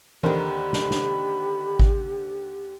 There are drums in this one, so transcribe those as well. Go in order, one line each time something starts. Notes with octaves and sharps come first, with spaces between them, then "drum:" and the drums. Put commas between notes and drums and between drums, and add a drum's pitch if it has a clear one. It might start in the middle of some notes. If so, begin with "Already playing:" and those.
D#2 D3 D#3 G4 A#4 C5 B5, drum: tom E3
drum: snare
drum: snare
drum: kick G#1